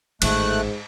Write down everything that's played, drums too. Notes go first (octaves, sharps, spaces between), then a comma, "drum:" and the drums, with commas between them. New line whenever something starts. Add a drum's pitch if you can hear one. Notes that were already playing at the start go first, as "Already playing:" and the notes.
A1 G#2 D#3 A3 F#6, drum: cymbal